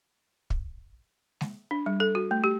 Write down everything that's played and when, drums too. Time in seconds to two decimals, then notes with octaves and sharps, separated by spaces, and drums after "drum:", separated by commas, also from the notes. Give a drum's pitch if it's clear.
0.50 drum: kick
1.41 drum: snare G#3
1.71 D4
1.86 G3
2.00 A4
2.15 F#4
2.31 A3
2.44 G4